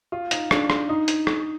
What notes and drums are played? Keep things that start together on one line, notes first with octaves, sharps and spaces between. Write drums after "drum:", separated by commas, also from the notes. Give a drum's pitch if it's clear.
F4
D#4, drum: hi-hat
D4, drum: rim click
drum: rim click
D#4
drum: hi-hat
drum: rim click